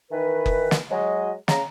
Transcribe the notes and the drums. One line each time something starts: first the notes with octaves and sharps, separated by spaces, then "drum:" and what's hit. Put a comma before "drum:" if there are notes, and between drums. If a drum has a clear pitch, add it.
D#3 E3 B4
drum: kick F#1
drum: snare
F#3 G#3 D#5
C#3 A#5, drum: snare